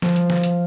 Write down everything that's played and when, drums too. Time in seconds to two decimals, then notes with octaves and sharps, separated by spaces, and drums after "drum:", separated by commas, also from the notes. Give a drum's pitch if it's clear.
0.02 F3, drum: snare
0.16 drum: hi-hat
0.30 drum: snare
0.43 drum: hi-hat